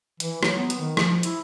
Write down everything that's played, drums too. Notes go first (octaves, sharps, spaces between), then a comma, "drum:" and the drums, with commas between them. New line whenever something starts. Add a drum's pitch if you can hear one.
E3, drum: hi-hat
F#3, drum: rim click
B3
drum: hi-hat
D#3
F3, drum: rim click
E4, drum: hi-hat